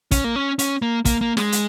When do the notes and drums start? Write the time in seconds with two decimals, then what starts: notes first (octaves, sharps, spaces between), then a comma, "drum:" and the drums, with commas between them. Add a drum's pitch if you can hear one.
0.11 C#4, drum: kick, hi-hat
0.24 A#3
0.36 C#4
0.59 C#4, drum: hi-hat
0.82 A#3
1.05 A#3, drum: kick, hi-hat
1.21 A#3
1.37 G#3, drum: snare
1.52 drum: hi-hat